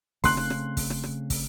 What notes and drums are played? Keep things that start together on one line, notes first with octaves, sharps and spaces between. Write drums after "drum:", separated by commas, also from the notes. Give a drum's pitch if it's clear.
C#3 A3 C4 C6 F#6, drum: kick, open hi-hat
drum: rim click
drum: rim click
drum: kick, open hi-hat
drum: rim click
drum: rim click
drum: kick, open hi-hat